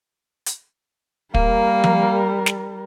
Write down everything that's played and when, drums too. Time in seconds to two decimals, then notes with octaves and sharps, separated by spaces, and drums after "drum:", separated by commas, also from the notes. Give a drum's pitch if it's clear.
0.46 drum: hi-hat
1.34 G3 A#3 A#4, drum: kick
1.84 drum: tom F3
2.46 drum: snare